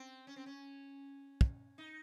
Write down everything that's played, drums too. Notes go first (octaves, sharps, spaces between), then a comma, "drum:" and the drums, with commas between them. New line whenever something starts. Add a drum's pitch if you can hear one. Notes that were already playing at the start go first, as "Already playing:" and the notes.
Already playing: C4
C#4
C4
C#4
drum: kick
D#4